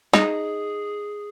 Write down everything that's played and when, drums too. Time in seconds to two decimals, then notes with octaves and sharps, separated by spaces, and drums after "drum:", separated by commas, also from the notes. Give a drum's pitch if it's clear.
0.13 D#4 G#4, drum: snare